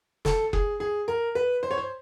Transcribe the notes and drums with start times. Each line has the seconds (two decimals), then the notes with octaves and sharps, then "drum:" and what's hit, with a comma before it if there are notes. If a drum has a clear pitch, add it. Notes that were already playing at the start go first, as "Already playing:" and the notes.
0.25 A4, drum: snare
0.53 G#4, drum: kick F#1
0.80 G#4
1.08 A#4
1.35 B4
1.63 C5
1.71 C#5
1.78 C5